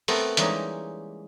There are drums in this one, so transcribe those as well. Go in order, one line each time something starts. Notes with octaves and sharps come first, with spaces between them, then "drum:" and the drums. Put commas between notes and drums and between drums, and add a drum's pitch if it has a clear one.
A3 B3 C4 A#4, drum: open hi-hat
E3 G3 G#3 A#3 C#4 D#4, drum: hi-hat